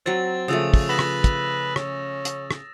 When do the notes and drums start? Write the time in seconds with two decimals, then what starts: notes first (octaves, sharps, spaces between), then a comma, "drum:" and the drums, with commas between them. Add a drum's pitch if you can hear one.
0.06 F#3 C4 A#5 A6
0.48 C#3 F3 A3 D#6 E6 A6
0.74 drum: kick, open hi-hat
0.89 B4 D#6 A#6 E7
0.99 drum: rim click
1.24 drum: kick, hi-hat
1.76 C#4, drum: rim click
2.25 drum: hi-hat
2.51 drum: rim click